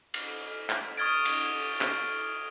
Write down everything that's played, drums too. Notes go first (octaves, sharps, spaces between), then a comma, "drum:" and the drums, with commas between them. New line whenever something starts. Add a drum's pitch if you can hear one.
drum: cymbal
drum: clap
C#6 D#6 F6 G#6 A6 D7
drum: cymbal
drum: clap